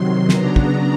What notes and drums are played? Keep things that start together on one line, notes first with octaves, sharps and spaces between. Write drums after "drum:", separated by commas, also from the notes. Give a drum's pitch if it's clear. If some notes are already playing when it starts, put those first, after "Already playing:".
Already playing: C3 D#3 F#3 C6
C#3 F#3 B3 D4 A#5, drum: snare
drum: kick